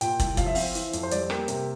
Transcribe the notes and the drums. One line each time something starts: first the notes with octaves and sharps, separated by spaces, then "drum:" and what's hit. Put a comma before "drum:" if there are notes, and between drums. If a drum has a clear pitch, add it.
A#2 G5, drum: hi-hat
C2, drum: kick, hi-hat
F3 F5, drum: kick, hi-hat
E5
C4 F5, drum: open hi-hat
E3, drum: hi-hat
F2, drum: hi-hat
C5
G3 D5, drum: hi-hat
A#3 G4, drum: rim click
C3 G4, drum: hi-hat